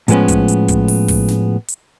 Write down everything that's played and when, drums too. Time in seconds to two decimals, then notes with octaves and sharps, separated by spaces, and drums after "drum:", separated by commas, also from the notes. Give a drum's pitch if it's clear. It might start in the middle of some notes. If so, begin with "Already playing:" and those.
0.08 A2 F3 G#3 B3 C#4, drum: hi-hat
0.28 drum: kick, hi-hat
0.48 drum: hi-hat
0.68 drum: kick, hi-hat
0.88 drum: open hi-hat
1.08 drum: kick, open hi-hat
1.28 drum: snare
1.68 drum: hi-hat